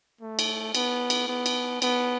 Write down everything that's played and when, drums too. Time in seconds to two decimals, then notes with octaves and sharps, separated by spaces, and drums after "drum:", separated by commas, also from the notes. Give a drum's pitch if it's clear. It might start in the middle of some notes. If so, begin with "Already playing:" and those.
0.21 A3
0.39 drum: cymbal
0.75 B3, drum: cymbal
1.10 drum: cymbal
1.28 B3
1.46 drum: cymbal
1.82 B3, drum: cymbal